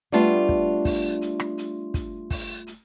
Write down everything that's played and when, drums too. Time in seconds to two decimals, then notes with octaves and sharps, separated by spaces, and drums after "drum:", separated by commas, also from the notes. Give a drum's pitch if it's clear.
0.12 G3 A3 B3 D4 F4, drum: hi-hat
0.49 drum: kick
0.85 drum: kick, open hi-hat
1.21 drum: hi-hat
1.40 drum: rim click
1.58 drum: hi-hat
1.94 drum: kick, hi-hat
2.30 drum: kick, open hi-hat
2.67 drum: hi-hat